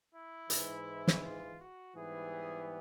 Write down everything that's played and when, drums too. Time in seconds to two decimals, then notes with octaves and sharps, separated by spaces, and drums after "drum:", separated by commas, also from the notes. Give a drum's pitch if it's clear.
0.13 E4
0.50 G#2 E3 G#3, drum: hi-hat
1.07 drum: snare
1.22 F4
1.59 F#4
1.96 G#2 E3 G3 B3 G#4